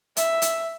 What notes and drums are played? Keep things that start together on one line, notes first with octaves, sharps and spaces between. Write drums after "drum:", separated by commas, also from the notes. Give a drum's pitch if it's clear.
E5, drum: hi-hat
drum: hi-hat